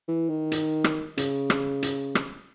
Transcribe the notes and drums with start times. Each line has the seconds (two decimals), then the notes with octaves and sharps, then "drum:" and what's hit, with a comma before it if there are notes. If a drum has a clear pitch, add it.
0.08 E3
0.29 D#3
0.52 drum: hi-hat
0.84 drum: rim click
1.18 C#3, drum: hi-hat
1.50 drum: rim click
1.83 drum: hi-hat
2.15 drum: rim click